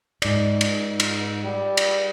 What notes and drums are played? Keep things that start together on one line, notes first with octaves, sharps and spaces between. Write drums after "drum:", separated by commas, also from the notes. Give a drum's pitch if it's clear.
G#2 D5, drum: cymbal
drum: cymbal
drum: cymbal
G3
drum: cymbal